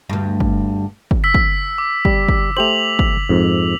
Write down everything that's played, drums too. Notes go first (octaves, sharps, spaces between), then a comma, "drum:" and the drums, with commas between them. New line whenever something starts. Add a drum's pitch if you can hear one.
D2 G2
drum: kick
drum: kick
E6 B6
drum: kick
D6
G3, drum: kick
drum: kick
A3 G4 C5 F7 F#7
drum: kick
F2 G#2